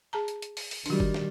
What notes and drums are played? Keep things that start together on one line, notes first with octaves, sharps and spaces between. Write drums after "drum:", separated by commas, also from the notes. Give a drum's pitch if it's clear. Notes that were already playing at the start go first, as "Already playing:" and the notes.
G#4 A5 A#5
drum: hi-hat
drum: hi-hat
drum: open hi-hat
drum: open hi-hat
D#3 G3 D4 F#4, drum: open hi-hat
drum: kick
drum: snare